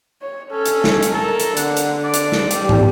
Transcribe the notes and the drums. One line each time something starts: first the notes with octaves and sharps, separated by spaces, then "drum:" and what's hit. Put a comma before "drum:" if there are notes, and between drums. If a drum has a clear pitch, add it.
C#5
C#4 A4
drum: hi-hat
drum: snare
drum: hi-hat
A4 A#4
drum: hi-hat
D3 F#5, drum: hi-hat
drum: hi-hat
D5
drum: hi-hat
drum: snare
G3, drum: hi-hat
drum: tom